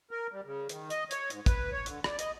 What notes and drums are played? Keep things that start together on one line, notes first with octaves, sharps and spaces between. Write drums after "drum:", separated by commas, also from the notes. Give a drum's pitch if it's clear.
A#4
G3
C#3
D#3, drum: hi-hat
D#5, drum: hi-hat
C#5, drum: hi-hat
G#2, drum: hi-hat
B4, drum: kick, hi-hat
C#5
D3, drum: hi-hat
D5, drum: rim click
D#5, drum: hi-hat